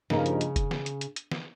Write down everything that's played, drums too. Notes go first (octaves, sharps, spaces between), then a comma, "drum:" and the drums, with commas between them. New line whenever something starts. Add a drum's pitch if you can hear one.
G2 C#3 F3 A#3 D#4 A#4, drum: snare
drum: hi-hat
drum: hi-hat
drum: kick F1, hi-hat
drum: snare
drum: hi-hat
drum: hi-hat
drum: hi-hat
drum: snare